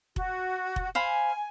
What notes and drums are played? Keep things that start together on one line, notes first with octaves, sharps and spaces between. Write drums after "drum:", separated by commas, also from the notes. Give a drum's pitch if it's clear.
F#4, drum: kick F1
drum: kick F1
C5 F5 G#5 B5